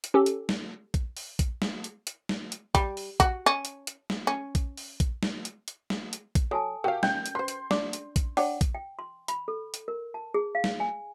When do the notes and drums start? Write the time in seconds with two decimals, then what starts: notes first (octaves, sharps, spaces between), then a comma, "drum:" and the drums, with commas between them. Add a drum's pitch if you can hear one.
0.04 drum: hi-hat
0.14 C#4 G4 A4
0.26 drum: hi-hat
0.49 drum: snare
0.94 drum: kick A#1, hi-hat
1.17 drum: open hi-hat
1.39 drum: kick A#1, hi-hat
1.62 drum: snare
1.84 drum: hi-hat
2.07 drum: hi-hat
2.29 drum: snare
2.52 drum: hi-hat
2.75 G3, drum: kick A#1, hi-hat
2.97 drum: open hi-hat
3.20 F#4, drum: kick A#1, hi-hat
3.46 C#4
3.65 drum: hi-hat
3.87 drum: hi-hat
4.10 drum: snare
4.27 C#4
4.55 drum: kick A#1, hi-hat
4.77 drum: open hi-hat
5.00 drum: kick A#1, hi-hat
5.23 drum: snare
5.45 drum: hi-hat
5.68 drum: hi-hat
5.90 drum: snare
6.13 drum: hi-hat
6.35 drum: kick A#1, hi-hat
6.51 F#3 A4 G#5 A5
6.84 F#4 G4 A#4 F5 G5
7.03 C#4 G5 G6, drum: snare
7.26 drum: hi-hat
7.35 B4 C5 C6
7.48 drum: hi-hat
7.71 D4, drum: snare
7.93 drum: hi-hat
8.16 drum: kick A#1, hi-hat
8.37 D4 C#5 F#5 G5, drum: open hi-hat
8.61 drum: kick A#1, hi-hat
8.75 G5
8.99 C6
9.28 B5, drum: hi-hat
9.48 A4
9.74 drum: hi-hat
9.88 A#4
10.14 A5
10.34 G#4
10.55 F5
10.64 drum: snare
10.80 G#5